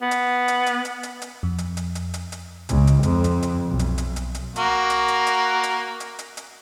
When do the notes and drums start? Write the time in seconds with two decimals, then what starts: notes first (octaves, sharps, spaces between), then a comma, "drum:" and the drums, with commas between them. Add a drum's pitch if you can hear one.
0.02 B3
0.11 drum: hi-hat
0.48 drum: hi-hat
0.66 drum: hi-hat
0.85 drum: hi-hat
1.03 drum: hi-hat
1.22 drum: hi-hat
1.43 F2
1.58 drum: hi-hat
1.77 drum: hi-hat
1.95 drum: hi-hat
2.14 drum: hi-hat
2.32 drum: hi-hat
2.69 C#2, drum: hi-hat
2.87 drum: hi-hat
3.03 F2, drum: hi-hat
3.24 drum: hi-hat
3.42 drum: hi-hat
3.69 B1
3.79 drum: hi-hat
3.98 drum: hi-hat
4.16 drum: hi-hat
4.35 drum: hi-hat
4.56 A#3 F#4, drum: hi-hat
4.90 drum: hi-hat
5.08 drum: hi-hat
5.27 drum: hi-hat
5.63 drum: hi-hat
6.00 drum: hi-hat
6.19 drum: hi-hat
6.37 drum: hi-hat